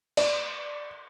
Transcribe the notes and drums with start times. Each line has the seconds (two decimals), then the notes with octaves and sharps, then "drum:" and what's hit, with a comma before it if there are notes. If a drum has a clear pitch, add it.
0.17 D5, drum: cymbal